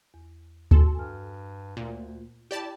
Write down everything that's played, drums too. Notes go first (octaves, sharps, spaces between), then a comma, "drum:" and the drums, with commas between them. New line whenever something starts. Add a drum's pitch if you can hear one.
E2
F#4 A4 G#5 C6, drum: kick D2
G2 G#5 F6
D2 A#2
E4 G4 D5 A5